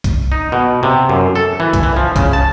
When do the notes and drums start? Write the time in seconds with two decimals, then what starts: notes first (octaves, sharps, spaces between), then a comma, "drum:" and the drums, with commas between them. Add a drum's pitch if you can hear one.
0.04 drum: kick B1, hi-hat
0.32 D#4
0.52 B2
0.83 C3
1.09 F#2
1.35 A4
1.60 E3
1.73 drum: kick B1, hi-hat
1.83 E3
1.96 F3
2.16 C#3, drum: kick B1, hi-hat
2.33 A5